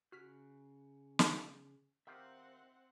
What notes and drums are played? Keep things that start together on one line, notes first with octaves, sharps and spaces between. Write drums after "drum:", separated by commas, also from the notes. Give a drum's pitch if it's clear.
C#3 F#4 F6 F#6 B6
drum: snare
D#3 C4 F4 G4 E5 F#5 E6 G6